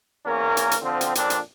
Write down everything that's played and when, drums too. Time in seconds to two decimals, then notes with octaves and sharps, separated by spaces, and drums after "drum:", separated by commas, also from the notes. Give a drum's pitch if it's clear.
0.25 E2 A#3 C#4 A#4
0.57 drum: hi-hat
0.71 drum: hi-hat
0.82 D3 F3 C4
1.01 drum: hi-hat
1.15 F2 A#2 C4 D4, drum: hi-hat
1.30 drum: hi-hat